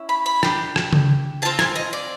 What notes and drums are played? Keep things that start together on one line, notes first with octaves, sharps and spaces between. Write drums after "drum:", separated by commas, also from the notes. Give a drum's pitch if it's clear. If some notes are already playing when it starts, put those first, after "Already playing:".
Already playing: C#4 E4
B5
B5
D4 G4, drum: rim click
drum: rim click
drum: tom C#3
C4 F4 G#4 A5
G#5, drum: rim click
D#5
D5